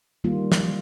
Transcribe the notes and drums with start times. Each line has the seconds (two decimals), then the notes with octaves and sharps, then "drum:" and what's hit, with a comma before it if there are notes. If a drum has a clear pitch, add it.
0.24 D#3 G3 A#3 F4
0.52 drum: snare